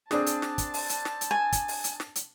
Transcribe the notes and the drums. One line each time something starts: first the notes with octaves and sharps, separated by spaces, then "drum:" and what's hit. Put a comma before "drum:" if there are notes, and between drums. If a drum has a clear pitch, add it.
C4 D4 G#4 A5, drum: snare
drum: hi-hat
drum: snare
drum: kick, hi-hat
drum: open hi-hat
drum: hi-hat
drum: snare
drum: hi-hat
G#5
drum: kick, hi-hat
drum: open hi-hat
drum: hi-hat
drum: snare
drum: hi-hat